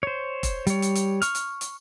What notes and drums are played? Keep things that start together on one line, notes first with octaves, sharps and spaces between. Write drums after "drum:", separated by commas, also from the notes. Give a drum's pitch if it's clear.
C5 C#5
drum: kick F1, hi-hat
G3 C#5, drum: hi-hat
drum: hi-hat
drum: hi-hat
C#6 F6, drum: hi-hat
drum: hi-hat
drum: hi-hat